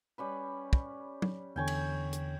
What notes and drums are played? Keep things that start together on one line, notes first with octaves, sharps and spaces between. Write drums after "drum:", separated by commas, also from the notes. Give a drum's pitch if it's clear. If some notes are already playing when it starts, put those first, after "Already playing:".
G3 C#4 B4
drum: kick
drum: tom
E2 D3 C#5 G5 G#5 C#6
drum: cymbal
drum: hi-hat